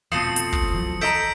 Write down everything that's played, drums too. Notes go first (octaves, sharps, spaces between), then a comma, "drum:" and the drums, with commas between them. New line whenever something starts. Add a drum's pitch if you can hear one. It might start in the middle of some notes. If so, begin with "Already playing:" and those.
F1 E2 B2 F3 A3 C4 D#6 C#7
drum: hi-hat
drum: kick
F2 E3 F#3
A4 D#5 A#5 G6 B6 D7